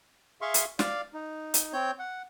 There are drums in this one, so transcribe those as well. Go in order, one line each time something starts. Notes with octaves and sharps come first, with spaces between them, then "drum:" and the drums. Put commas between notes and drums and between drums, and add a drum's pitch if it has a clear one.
G#4 E5 F5 C6 C#6
drum: hi-hat
D5 F5, drum: snare
D#4
drum: hi-hat
C4 C#5 G6
F#5